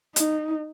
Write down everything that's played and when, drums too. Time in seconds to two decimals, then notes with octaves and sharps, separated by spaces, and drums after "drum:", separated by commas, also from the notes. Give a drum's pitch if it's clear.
0.16 D#4, drum: hi-hat